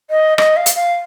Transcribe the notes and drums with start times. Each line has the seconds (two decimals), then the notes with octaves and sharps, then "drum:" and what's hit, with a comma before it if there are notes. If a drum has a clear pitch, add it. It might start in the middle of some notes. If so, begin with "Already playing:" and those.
0.10 D#5
0.38 D#5, drum: rim click
0.57 F5
0.66 drum: hi-hat
0.75 F5